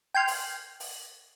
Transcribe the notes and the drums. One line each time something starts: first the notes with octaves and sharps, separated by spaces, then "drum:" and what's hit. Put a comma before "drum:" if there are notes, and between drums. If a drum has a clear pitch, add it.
G5 G#5 C6 F6
drum: open hi-hat
drum: open hi-hat